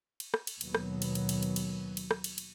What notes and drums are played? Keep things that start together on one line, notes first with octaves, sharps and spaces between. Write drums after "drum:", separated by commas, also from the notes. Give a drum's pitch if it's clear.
drum: cymbal
drum: rim click
drum: cymbal
D#2 B2 F#3 B3, drum: cymbal
drum: rim click
drum: cymbal
drum: cymbal
drum: cymbal
drum: cymbal
drum: cymbal
drum: cymbal
drum: rim click
drum: cymbal
drum: cymbal